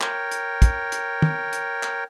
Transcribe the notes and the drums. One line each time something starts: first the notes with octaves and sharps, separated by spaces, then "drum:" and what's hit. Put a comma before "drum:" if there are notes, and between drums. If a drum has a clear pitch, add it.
A#4 C#5 G5, drum: clap
drum: hi-hat
drum: kick, hi-hat
drum: hi-hat
drum: tom
drum: hi-hat
drum: clap